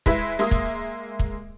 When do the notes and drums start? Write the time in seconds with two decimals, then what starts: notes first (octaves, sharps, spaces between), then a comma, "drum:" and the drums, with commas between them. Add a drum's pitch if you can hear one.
0.06 G#3 E4 B4 E5, drum: kick
0.39 G#3 A#3 E5 C6 D#6
0.51 drum: kick
1.19 drum: kick